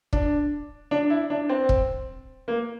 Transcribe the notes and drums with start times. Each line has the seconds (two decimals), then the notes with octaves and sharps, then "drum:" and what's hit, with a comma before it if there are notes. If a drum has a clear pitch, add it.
0.13 D4, drum: kick
0.91 D4
1.10 E4
1.30 D4
1.49 C4
1.69 drum: kick
2.48 A#3